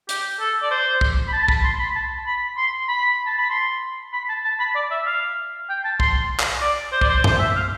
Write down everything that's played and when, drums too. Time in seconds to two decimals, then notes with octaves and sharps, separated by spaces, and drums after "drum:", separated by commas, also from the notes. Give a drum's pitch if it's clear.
0.09 G4, drum: hi-hat
0.40 A4
0.62 D5
0.71 C5
1.01 drum: kick
1.28 B5
1.33 A5
1.43 A5
1.48 B5, drum: kick
1.64 C6
1.79 B5
1.95 A5
2.27 B5
2.57 C6
2.88 B5
3.26 A5
3.38 B5
3.50 C6
4.13 B5
4.29 A5
4.44 A5
4.59 B5
4.75 D5
4.91 E5
5.06 F5
5.69 G5
5.85 A5
6.00 C6, drum: kick
6.40 drum: clap
6.61 D5
6.92 C5
7.01 D5, drum: kick
7.09 C5
7.24 C5, drum: tom F#2
7.39 E5
7.56 F5